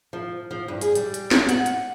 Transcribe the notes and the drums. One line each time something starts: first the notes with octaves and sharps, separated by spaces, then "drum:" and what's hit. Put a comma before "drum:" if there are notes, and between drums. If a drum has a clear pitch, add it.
F3
F3
G2
G#4, drum: hi-hat
G3, drum: hi-hat
drum: hi-hat
drum: snare
F#5, drum: hi-hat
drum: hi-hat